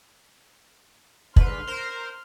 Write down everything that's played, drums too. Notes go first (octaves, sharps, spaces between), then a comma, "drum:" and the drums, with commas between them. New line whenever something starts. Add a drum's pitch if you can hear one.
G#2 D3 B4 C6 F6, drum: kick
A#4 C5